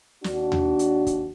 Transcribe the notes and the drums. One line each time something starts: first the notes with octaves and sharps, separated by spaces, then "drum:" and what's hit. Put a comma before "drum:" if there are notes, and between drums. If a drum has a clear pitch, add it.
D#2 D4 F#4, drum: snare
drum: tom D#2
drum: hi-hat
drum: kick, hi-hat